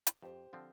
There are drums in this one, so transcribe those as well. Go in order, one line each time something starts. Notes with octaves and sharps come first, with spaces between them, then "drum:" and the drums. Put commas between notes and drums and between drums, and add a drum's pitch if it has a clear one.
drum: hi-hat
F2 G4 C5
D3 F3 C4